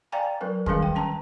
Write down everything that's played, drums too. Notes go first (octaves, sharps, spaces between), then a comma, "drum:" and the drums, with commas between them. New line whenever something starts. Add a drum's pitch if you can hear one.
D5 F5 G5 G#5 A#5
F#3 A#4 B4
D3 D#3 G3 C#4 B4 F5, drum: kick
G5
C#4 A5 A#5